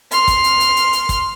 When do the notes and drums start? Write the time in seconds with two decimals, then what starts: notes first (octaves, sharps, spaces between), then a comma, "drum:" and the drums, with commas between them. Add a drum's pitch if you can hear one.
0.11 C6 F6, drum: hi-hat
0.28 drum: kick, hi-hat
0.44 drum: hi-hat
0.60 drum: hi-hat
0.76 drum: hi-hat
0.93 drum: hi-hat
1.09 drum: kick, hi-hat